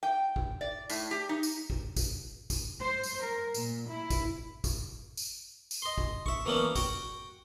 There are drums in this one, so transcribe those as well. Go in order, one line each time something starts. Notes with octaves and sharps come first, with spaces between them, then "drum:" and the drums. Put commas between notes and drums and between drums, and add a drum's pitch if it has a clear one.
G5
drum: kick
D5
A2, drum: tambourine
G4
D#4
drum: tambourine
drum: kick
drum: kick, tambourine
drum: kick, tambourine
C5
drum: tambourine
A#4
A#2, drum: tambourine
E4
drum: kick, tambourine
drum: kick, tambourine
drum: tambourine
drum: tambourine
D#5 C6
drum: kick
E5 C#6, drum: kick
E3 F#3 A#3 B3 C#4 D4
F#4 G5, drum: kick, tambourine